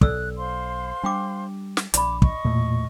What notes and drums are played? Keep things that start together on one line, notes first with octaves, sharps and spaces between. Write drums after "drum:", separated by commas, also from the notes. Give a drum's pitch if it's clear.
B1 A4 D5 E6 F#6, drum: kick
C5 F5 C6
G3 D4 G5 D6
drum: snare
A#1 D5 B5 D6, drum: hi-hat
D#5 C#6, drum: kick
E2 A#2 A3